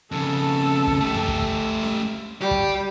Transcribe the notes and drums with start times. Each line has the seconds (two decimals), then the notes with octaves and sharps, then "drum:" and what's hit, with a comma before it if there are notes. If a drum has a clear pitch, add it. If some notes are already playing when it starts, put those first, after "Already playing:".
0.12 F2 C#3 A4
0.87 drum: kick
1.01 A3 G4
1.14 drum: tom F2
1.28 drum: kick
1.42 drum: kick
1.83 drum: snare C#4
2.42 G3 G4
2.51 drum: kick